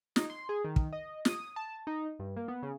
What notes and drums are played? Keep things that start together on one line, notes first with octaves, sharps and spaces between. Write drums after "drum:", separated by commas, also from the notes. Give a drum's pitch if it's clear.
D#4, drum: snare
C6
G#4
D#3
drum: kick
D#5
D#6, drum: snare
A5
D#4
G2
A#3
B3
C#3